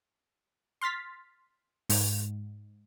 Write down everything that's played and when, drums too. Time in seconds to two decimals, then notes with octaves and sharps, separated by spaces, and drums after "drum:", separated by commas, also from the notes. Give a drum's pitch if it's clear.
0.81 C6 F6 A6 B6
1.89 G#2, drum: open hi-hat